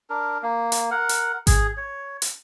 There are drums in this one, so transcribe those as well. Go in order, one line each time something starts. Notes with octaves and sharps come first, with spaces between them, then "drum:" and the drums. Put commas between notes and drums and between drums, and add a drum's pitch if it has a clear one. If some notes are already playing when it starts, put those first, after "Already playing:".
D4 A#4
A#3
drum: hi-hat
A#4 F#5
drum: hi-hat
G#4, drum: kick G#1, hi-hat
C#5
drum: hi-hat